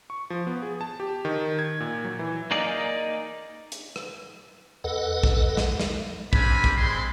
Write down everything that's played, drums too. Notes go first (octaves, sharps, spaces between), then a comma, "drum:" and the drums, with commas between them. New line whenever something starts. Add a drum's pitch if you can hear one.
C#6
F3
B3
G#4
A5
G4
D#3
G#6
A#2
F#3
E3
A#3 D#4 G#4 D5
drum: hi-hat
drum: rim click
E2 A4 B4 D#5 F#5
drum: kick A#1
drum: snare
drum: snare
G3 A#3 C4 D4 G#5 B5, drum: kick A#1
drum: kick A#1
G#3 C4 B5 C6